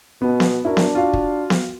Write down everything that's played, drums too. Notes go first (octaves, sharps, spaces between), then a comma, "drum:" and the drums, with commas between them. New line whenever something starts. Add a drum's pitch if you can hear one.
B2 B3
drum: snare B3
D4 E4 F#4 A#4
drum: snare B3
F4 F#4 F5
drum: kick
drum: snare B3